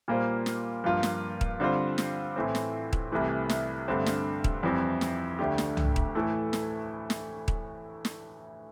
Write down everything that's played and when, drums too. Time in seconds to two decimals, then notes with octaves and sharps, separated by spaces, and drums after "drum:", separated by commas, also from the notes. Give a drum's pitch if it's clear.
0.08 A#2 G3 A#3 F4 C5
0.46 drum: snare
0.84 G2 F3 A#3 F4
1.03 drum: snare
1.41 drum: kick D#1
1.60 D3 G3 C4 F4 C5
1.98 drum: snare
2.36 A2 E3 A3 C4
2.55 drum: snare
2.93 drum: kick D#1
3.12 C2 C3 E3 A3
3.49 drum: snare
3.88 G2 D3 A3 C4
4.06 drum: snare
4.44 drum: kick D#1
4.63 F2 E3 G3 C4 E4
5.01 drum: snare
5.39 D2 D3 A3 D4 G4
5.58 drum: snare
5.77 drum: tom
5.96 drum: kick D#1
6.15 A2 E3 A3 E4 A4
6.53 drum: snare
7.10 drum: snare
7.48 drum: kick D#1
8.05 drum: snare